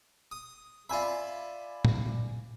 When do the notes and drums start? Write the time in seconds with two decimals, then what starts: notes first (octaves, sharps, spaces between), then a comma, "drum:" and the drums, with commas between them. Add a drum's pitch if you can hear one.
0.32 D#6
0.89 F4 D5 E5 G#5 B5
1.85 drum: tom A#2